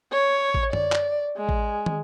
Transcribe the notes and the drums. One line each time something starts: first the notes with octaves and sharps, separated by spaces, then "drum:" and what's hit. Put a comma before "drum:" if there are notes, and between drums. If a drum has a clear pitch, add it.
C#5
drum: kick A1
D5, drum: tom
drum: clap
G#3
drum: kick A1
drum: tom